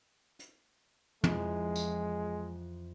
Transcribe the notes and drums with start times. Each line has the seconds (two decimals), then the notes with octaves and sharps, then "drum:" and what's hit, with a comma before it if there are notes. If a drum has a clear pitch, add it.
0.39 drum: hi-hat
1.24 F2 E3 G#3 G#4, drum: tom
1.76 drum: tambourine